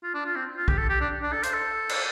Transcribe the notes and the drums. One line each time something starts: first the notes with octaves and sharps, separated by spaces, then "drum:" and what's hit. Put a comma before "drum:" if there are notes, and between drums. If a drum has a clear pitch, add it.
F4
D4
F4
C4
F4
G4, drum: kick B1
A4
G4
D4
D4
A4
C5, drum: hi-hat
A4
drum: cymbal